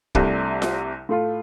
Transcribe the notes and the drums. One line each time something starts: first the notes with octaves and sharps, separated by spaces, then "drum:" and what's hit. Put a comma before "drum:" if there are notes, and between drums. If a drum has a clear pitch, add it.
C2 C3 A3 D4, drum: kick
drum: snare F4
A2 A3 F4